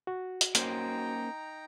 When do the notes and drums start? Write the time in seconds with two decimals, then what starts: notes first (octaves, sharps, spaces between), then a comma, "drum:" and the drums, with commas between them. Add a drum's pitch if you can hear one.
0.07 F#4
0.41 drum: hi-hat
0.55 A#3 C#4 D#4 C5 G5 A#5, drum: hi-hat